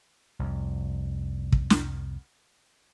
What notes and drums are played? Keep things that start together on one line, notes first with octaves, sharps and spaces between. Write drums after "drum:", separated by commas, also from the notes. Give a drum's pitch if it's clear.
C2 F2
drum: kick
drum: snare